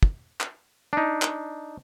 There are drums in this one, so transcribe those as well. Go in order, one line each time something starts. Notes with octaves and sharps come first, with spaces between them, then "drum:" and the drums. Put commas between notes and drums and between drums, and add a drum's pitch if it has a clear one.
drum: kick
drum: clap
D4 D#4
drum: clap